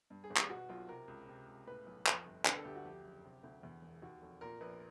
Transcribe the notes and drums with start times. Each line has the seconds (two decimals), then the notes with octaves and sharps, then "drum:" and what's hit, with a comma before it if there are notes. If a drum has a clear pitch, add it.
0.10 G2
0.24 G#4
0.30 G#1
0.37 G4, drum: clap
0.49 B2 F#4
0.69 B1 F4
0.88 C3 A#4
1.08 C#2
1.28 C3
1.48 C#2
1.67 A2 B4
1.86 B1
2.06 F2, drum: clap
2.26 G1
2.45 D3 B4, drum: clap
2.56 A4
2.65 D2 G4
2.75 F#4
2.84 F2 G4
3.04 F#1
3.24 C3
3.43 D2
3.63 E2
3.82 E1
4.02 D#2 F#4
4.22 F1
4.41 A#2 A#4
4.61 A#1 B4